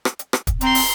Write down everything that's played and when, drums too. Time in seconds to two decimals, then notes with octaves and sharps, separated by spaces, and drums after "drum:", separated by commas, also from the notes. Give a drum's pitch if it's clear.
0.05 drum: rim click
0.19 drum: hi-hat
0.33 drum: rim click
0.47 drum: kick, hi-hat
0.61 C4 A#5 C6, drum: hi-hat
0.75 drum: open hi-hat